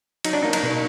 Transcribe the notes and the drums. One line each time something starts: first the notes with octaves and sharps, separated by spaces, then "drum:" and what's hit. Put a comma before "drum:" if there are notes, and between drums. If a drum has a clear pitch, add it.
F#3 D#4, drum: cymbal
D4
A#3 D#4
D#4, drum: cymbal
B2